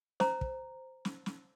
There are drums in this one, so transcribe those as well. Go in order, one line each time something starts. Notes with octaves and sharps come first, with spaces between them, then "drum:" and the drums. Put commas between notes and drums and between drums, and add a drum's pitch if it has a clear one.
C5 A#5, drum: snare
drum: kick
drum: snare
drum: snare